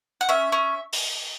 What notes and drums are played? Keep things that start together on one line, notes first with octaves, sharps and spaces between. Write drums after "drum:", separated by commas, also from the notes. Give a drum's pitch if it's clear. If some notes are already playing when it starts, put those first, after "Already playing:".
F#5
C#4 E5
C#4
drum: open hi-hat